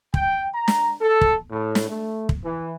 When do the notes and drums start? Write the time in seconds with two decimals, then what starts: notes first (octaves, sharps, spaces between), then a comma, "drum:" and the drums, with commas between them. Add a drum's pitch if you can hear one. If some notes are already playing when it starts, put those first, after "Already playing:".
0.14 G5, drum: kick
0.54 A#5
0.68 drum: snare
1.02 A4
1.21 drum: kick
1.51 A2
1.75 drum: snare
1.90 A3
2.29 drum: kick
2.45 E3